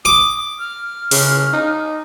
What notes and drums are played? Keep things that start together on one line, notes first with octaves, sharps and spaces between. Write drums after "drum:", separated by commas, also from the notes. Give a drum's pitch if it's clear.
D6 D#6
F6
C#3, drum: open hi-hat
D#4